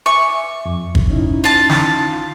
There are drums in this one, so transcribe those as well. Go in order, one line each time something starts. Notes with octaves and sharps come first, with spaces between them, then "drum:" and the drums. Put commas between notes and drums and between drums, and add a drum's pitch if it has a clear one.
E5 G#5 C#6 D6
F2
drum: kick G1
C#4 D#4 E4
F4 A5
drum: snare